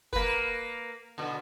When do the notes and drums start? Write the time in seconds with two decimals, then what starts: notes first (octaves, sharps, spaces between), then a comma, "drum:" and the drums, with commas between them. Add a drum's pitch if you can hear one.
0.13 A#3 B4, drum: kick
1.18 B2 D3